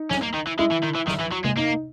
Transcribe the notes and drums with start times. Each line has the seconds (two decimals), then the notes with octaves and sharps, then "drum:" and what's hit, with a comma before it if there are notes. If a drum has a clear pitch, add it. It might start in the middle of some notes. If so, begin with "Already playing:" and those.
Already playing: D#4
0.11 C#4, drum: snare
0.23 A#3
0.34 D#3
0.47 E3
0.59 G#3 E4
0.72 E3
0.84 D#3
0.96 E3
1.08 D#3, drum: snare
1.21 E3
1.32 F#3
1.45 G#3, drum: tom
1.57 A#3 D#4